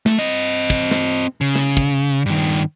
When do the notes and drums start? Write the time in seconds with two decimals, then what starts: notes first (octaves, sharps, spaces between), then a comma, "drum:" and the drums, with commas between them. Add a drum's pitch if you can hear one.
0.06 A3, drum: snare
0.19 C4 D#5
0.70 drum: kick
0.91 drum: snare
1.41 C#3
1.55 drum: snare
1.77 drum: kick
2.26 G2 D#3